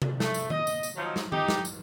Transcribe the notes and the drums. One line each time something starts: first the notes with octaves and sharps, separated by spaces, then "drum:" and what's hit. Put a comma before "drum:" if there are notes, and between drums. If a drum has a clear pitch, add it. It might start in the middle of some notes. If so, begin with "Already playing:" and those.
drum: tom C3
A3, drum: snare
drum: tambourine
D#5, drum: tom D#3
drum: tambourine
drum: tambourine
F3 F#3 D#4
drum: snare
D#4 G4, drum: tom D#3
drum: snare
drum: tambourine